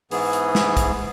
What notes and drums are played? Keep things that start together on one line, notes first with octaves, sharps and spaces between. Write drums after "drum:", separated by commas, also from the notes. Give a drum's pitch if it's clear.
G#2 E3 B3 G#4, drum: open hi-hat
drum: hi-hat
drum: snare
drum: kick, hi-hat